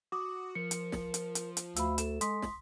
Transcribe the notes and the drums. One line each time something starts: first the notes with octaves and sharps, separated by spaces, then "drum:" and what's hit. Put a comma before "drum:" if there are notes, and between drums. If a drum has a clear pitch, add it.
F#4 D6 D#6
F3 A#4 C#7
drum: hi-hat
drum: snare
drum: hi-hat
drum: hi-hat
drum: hi-hat
D2 F5 B5 E6, drum: hi-hat
A4 E7, drum: hi-hat
G#3 C6 D#6 B6, drum: hi-hat
drum: snare